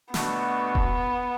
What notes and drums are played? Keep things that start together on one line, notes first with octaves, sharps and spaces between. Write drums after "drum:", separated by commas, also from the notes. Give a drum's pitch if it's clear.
B2 A3 B3 D4 F#4, drum: snare
drum: kick E1